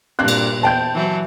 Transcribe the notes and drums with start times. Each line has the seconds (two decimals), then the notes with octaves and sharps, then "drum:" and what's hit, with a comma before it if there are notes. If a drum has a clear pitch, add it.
0.19 G2 A#2 A#3 C4 D4 F#6
0.28 drum: cymbal
0.63 E2 C5 G5 A5 G6
0.94 E3 F#3